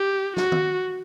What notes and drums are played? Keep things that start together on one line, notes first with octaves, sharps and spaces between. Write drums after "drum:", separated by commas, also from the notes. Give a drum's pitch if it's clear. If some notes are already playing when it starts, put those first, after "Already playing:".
Already playing: G4
F#4, drum: snare
drum: tom D#3